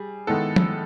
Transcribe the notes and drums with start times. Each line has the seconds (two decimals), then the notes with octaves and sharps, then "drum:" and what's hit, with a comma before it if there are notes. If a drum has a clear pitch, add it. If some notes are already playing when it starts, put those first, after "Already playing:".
Already playing: G3 G#4
0.27 D#3 G#3 B3 E4 A4
0.56 drum: tom